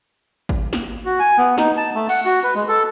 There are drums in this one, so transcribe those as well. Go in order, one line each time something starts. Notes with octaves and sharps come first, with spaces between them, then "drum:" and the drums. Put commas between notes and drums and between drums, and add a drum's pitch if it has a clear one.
drum: kick G#1
drum: snare
F#4
G#5
B3
D#4, drum: snare
A5
A3
F#5, drum: cymbal
F#4
B4
G#3
A4